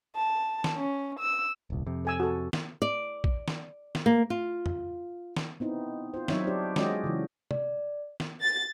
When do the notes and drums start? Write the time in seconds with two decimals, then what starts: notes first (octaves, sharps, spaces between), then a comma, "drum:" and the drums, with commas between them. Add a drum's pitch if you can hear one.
0.16 A5
0.64 drum: snare
0.77 C#4
1.19 E6
1.70 D#1 C2
1.86 F2 C3
2.05 A4 G#5 E6
2.20 F#4 A4
2.53 drum: snare
2.82 D5
3.24 drum: kick A#1
3.48 drum: snare
3.95 drum: snare
4.06 A#3
4.30 F4
4.66 drum: tom
5.37 drum: snare
5.60 B3 C4 D#4 E4
6.14 F4 C5
6.28 F#3 C4 D#4 C#5 E5, drum: snare
6.46 D4 G4 C5 D5
6.76 G#3 C#4 F4 F#4 D5 D#5, drum: snare
7.04 C#3 E3
7.51 D5, drum: tom C3
8.20 drum: snare
8.42 A6